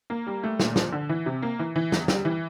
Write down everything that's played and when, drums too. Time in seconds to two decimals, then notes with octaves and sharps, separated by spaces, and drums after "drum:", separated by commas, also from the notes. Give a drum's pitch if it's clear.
0.10 A#3
0.27 G3
0.43 A3
0.60 A#2, drum: snare
0.76 F3, drum: snare
0.92 D3
1.09 E3
1.26 C3
1.42 A#3
1.59 E3
1.76 E3
1.92 E2, drum: snare
2.08 G3, drum: snare
2.25 E3